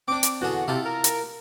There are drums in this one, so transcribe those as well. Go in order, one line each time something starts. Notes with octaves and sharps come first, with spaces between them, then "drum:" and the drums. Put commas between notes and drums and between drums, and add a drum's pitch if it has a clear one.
C4 D4 D6
drum: hi-hat
E2 D3 F#4 G#4
C3 E4 F4 A4
A#4
drum: hi-hat